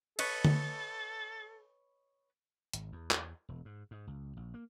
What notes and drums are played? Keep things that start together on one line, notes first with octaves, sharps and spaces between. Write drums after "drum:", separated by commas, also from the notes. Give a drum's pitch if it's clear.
A4 B4 C#5 D#5, drum: cymbal
drum: tom D3
G#1, drum: hi-hat
E2
drum: clap
E1
G#2
G#2
C#2
A#1
A#3